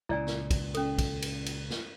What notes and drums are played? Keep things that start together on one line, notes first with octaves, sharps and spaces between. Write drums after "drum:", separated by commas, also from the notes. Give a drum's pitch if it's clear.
C#2 A#2 E4 D5 G#5
drum: snare
drum: kick, cymbal
C#4 A4, drum: cymbal
drum: kick, cymbal
drum: cymbal
drum: cymbal
drum: snare